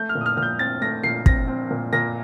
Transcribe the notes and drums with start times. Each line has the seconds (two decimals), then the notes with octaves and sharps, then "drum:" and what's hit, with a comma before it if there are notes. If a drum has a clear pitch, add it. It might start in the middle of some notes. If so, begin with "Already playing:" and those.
Already playing: A3 G6
0.09 F6
0.15 A#2
0.21 D#6
0.26 F6
0.37 A#2 F6
0.42 G6
0.59 C4 A6
0.81 A3 A#6
1.03 A#2 C7
1.26 C4 A#6, drum: kick
1.48 C4
1.71 A#2
1.93 A#2 A#6